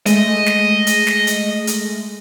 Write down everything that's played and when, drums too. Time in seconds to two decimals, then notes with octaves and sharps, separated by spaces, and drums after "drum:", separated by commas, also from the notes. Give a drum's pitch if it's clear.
0.06 G#3 A3 D#5, drum: hi-hat
0.46 drum: snare
0.87 drum: hi-hat
1.07 drum: snare
1.27 drum: hi-hat
1.67 drum: hi-hat